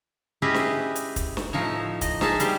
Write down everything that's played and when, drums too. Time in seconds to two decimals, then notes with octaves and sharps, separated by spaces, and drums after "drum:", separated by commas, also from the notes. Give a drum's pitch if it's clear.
0.42 C#4 E4 G4 G#4 B4 D#5
0.54 drum: snare
0.96 drum: hi-hat
1.16 drum: kick, hi-hat
1.37 drum: snare
1.53 A2 F3 D#4 C#5
2.01 D#5, drum: kick, hi-hat
2.21 D#4 G#4 E5 F5 A5, drum: snare
2.40 G3 G4 C5, drum: hi-hat